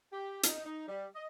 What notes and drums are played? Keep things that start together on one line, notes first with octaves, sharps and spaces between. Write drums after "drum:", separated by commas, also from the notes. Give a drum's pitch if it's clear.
G4
D#4, drum: hi-hat
D#4
G3
D#5